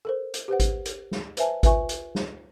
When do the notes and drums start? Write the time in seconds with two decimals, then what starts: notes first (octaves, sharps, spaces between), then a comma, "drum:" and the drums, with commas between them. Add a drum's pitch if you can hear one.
0.05 A4 A#4 C5
0.34 drum: hi-hat
0.48 G4 B4 C5 F#5
0.60 drum: kick G#1, hi-hat
0.86 drum: hi-hat
1.11 drum: snare
1.37 B4 C5 E5 G#5 A5, drum: hi-hat
1.63 F4 B4 E5 G#5 C#6, drum: kick G#1, hi-hat
1.89 drum: hi-hat
2.15 drum: snare